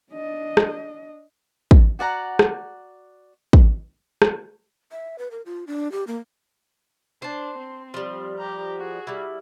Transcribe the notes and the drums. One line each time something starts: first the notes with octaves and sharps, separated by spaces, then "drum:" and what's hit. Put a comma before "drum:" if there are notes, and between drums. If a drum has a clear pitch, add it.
D4 D#5
drum: rim click
drum: kick
F#4 D5 F#5 A#5
drum: rim click
drum: kick
drum: rim click
E5
B4
A#4
F4
D4
G4
A#3
D4 C5 A5
C4
F3 G3
G4 A#5
F#4 G#4
G3 E4